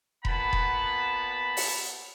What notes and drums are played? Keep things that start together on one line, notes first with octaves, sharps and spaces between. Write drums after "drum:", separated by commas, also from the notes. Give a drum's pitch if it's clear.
A#2 B3 F#5 A5 B5, drum: kick E1
drum: kick E1
drum: open hi-hat